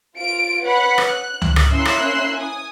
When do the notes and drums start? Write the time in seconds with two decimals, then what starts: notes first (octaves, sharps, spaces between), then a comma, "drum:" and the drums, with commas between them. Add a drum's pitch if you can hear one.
0.18 F4 D7
0.63 B4 C#5 F#5 B5
0.98 drum: rim click
1.07 F#6
1.42 drum: tom C#2
1.56 drum: rim click
1.71 A#3 C#4 E4 C6 E6 F#6
1.85 drum: rim click
2.37 G#5 D#6